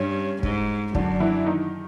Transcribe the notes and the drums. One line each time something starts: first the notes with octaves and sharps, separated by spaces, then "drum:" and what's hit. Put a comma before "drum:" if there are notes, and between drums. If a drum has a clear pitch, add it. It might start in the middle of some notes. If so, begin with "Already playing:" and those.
Already playing: G2 C#4
G#2, drum: kick
F#2 D3 D4, drum: kick
E3 E4
D#3 D#4